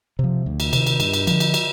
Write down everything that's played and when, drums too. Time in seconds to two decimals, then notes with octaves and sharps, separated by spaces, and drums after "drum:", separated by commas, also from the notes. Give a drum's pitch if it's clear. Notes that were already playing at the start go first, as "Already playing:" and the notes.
0.19 C3 F3
0.46 D2
0.60 drum: cymbal
0.73 C3 D#3, drum: cymbal
0.87 drum: cymbal
1.00 G2, drum: cymbal
1.13 drum: cymbal
1.27 D3 F3, drum: cymbal
1.40 drum: cymbal
1.54 drum: cymbal